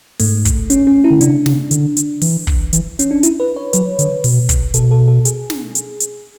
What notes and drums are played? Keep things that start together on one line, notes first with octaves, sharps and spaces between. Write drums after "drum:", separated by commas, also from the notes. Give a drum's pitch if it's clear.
G#2 A3, drum: open hi-hat
drum: kick, hi-hat
C#4, drum: hi-hat
C#4
E4
D3
C#3 D4, drum: hi-hat
C#3, drum: snare
D3, drum: hi-hat
drum: hi-hat
E3, drum: open hi-hat
drum: kick
E3, drum: hi-hat
C#4, drum: hi-hat
D4
E4, drum: hi-hat
B4
C#5
F#3 B4, drum: hi-hat
D3, drum: hi-hat
B2, drum: open hi-hat
drum: kick, hi-hat
B2 A4, drum: hi-hat
A4
A4
G#4, drum: hi-hat
drum: snare
drum: hi-hat
drum: hi-hat